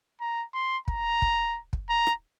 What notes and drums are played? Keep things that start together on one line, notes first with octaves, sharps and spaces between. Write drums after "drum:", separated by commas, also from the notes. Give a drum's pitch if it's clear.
A#5
C6
A#5, drum: kick
drum: kick
drum: kick
A#5
drum: rim click